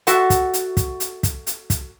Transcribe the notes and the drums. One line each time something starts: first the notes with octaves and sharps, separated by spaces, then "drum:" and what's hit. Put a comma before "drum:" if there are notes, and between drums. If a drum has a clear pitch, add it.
F#4 A4 E5 F#5, drum: hi-hat
drum: kick, hi-hat
drum: hi-hat
drum: kick, hi-hat
drum: hi-hat
drum: kick, hi-hat
drum: hi-hat
drum: kick, hi-hat